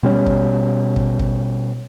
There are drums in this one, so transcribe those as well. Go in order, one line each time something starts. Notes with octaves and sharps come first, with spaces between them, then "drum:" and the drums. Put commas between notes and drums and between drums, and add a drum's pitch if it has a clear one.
B2 G3 C#4
drum: kick
drum: kick
drum: kick